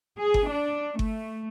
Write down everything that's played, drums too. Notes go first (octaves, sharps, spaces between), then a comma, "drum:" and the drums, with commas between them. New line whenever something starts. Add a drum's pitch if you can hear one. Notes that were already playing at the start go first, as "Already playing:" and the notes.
G#4
drum: kick G1
D4
A3, drum: kick G1